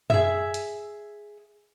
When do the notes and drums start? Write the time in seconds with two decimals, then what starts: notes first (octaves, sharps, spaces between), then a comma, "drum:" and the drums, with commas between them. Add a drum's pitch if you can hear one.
0.10 G#4 E5, drum: tom F#2
0.54 drum: hi-hat